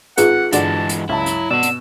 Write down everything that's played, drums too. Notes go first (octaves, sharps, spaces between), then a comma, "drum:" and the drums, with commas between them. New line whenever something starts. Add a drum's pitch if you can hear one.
G#1 F4 G#4 B4 F#5, drum: hi-hat
G2 D3 E3 G#3 F#4 D5 A5, drum: hi-hat
drum: hi-hat
C#2 F#3 E4 A5
drum: hi-hat
B2 D5 F#5 E6
drum: hi-hat